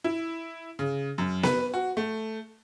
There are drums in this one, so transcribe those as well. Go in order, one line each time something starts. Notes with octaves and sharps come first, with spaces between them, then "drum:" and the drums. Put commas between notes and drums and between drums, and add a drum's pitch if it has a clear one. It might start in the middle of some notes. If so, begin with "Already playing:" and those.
E4
C#3
F#2
B4, drum: snare B3
F#4
A3